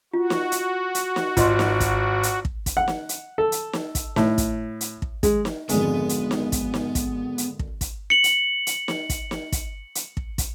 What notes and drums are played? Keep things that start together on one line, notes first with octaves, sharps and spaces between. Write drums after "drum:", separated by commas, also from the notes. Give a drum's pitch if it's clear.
F4 F#4
drum: snare
drum: hi-hat
drum: hi-hat
drum: snare
G#1 F4 D#5 C6, drum: kick, hi-hat
drum: snare
drum: kick, hi-hat
drum: hi-hat
drum: kick
drum: kick, hi-hat
F#5
drum: snare
drum: hi-hat
A4
drum: hi-hat
drum: snare
drum: kick, hi-hat
A2, drum: snare
drum: kick, hi-hat
drum: hi-hat
drum: kick
G#3, drum: kick, hi-hat
drum: snare
G#1 F2 D3 G#3 B3, drum: hi-hat
drum: hi-hat
drum: snare
drum: kick, hi-hat
drum: snare
drum: kick, hi-hat
drum: hi-hat
drum: kick
drum: kick, hi-hat
C#7 F#7
drum: hi-hat
drum: hi-hat
drum: snare
drum: kick, hi-hat
drum: snare
drum: kick, hi-hat
drum: hi-hat
drum: kick
drum: kick, hi-hat